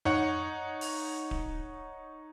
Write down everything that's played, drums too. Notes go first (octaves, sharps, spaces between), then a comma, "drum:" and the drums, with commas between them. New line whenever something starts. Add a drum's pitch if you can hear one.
D#4 C#5 F#5, drum: tom F2
drum: open hi-hat
drum: kick D1